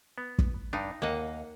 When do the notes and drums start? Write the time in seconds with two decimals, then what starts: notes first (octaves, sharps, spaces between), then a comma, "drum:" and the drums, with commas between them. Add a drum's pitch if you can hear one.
0.18 B3
0.39 drum: kick
0.73 G2 D4 D#4
1.02 D#2 A#3 D#5 F#5